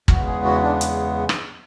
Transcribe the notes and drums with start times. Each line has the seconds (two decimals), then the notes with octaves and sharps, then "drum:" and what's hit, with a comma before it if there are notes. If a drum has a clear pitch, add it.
0.08 E2 C#3 G#3 B3 F#4, drum: kick
0.26 G#4
0.44 F#4
0.63 D4
0.81 drum: hi-hat
1.29 drum: rim click